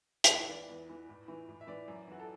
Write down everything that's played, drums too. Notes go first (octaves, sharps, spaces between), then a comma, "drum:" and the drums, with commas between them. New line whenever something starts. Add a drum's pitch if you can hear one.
A4, drum: hi-hat
E2 B4
E5
E3 D5
E2
E3
A2
E3
A2
E5
E3 D5
F#2
E3 F#4
A4